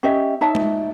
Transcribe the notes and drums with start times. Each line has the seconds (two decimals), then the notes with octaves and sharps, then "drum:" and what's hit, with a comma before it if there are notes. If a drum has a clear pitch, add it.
0.03 C#4 G4 D#5 E5
0.41 D#4 C#5 E5 A5
0.55 drum: tom G#3